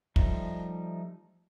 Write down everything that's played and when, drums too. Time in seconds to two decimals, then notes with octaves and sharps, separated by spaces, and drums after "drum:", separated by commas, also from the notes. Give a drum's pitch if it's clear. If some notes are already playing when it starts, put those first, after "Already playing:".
0.16 F3 G3 A3 D#4, drum: kick